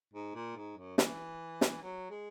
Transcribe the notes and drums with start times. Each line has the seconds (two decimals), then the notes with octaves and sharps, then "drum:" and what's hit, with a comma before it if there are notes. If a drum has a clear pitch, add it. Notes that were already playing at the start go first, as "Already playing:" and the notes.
0.13 G#2
0.35 A#2
0.56 G#2
0.78 F#2
0.98 E3, drum: snare
1.61 drum: snare
1.82 F#3
2.10 G#3